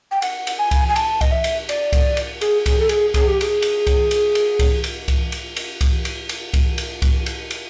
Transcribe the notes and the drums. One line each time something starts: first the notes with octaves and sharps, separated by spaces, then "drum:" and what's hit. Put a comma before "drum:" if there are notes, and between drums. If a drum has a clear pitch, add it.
G5
F#5, drum: cymbal
drum: cymbal
G#5
drum: kick C2, cymbal
G#5
A5, drum: cymbal
D#5, drum: kick C2, cymbal
E5
drum: cymbal
D5, drum: cymbal
drum: kick C2, cymbal
drum: cymbal
G#4, drum: cymbal
G#4, drum: kick C2, cymbal
A4
G#4, drum: cymbal
G#4, drum: kick C2, cymbal
G4
G#4, drum: cymbal
drum: cymbal
drum: kick C2, cymbal
drum: cymbal
drum: cymbal
drum: kick C2, cymbal
drum: cymbal
drum: kick C2, cymbal
drum: cymbal
drum: cymbal
drum: kick C2, cymbal
drum: cymbal
drum: cymbal
drum: kick C2, cymbal
drum: cymbal
drum: kick C2, cymbal
drum: cymbal
drum: cymbal